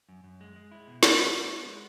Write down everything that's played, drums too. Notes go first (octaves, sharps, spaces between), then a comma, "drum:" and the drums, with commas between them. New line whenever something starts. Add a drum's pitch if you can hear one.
F#2
F#2
G#3
G#3
E4
B2
E4, drum: snare
E4
G#3
B3
G#3